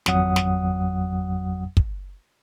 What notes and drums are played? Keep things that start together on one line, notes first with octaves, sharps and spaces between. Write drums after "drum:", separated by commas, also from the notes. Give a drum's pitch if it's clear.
G#1 F2 F#3 F#5 D#6, drum: snare
drum: snare
drum: kick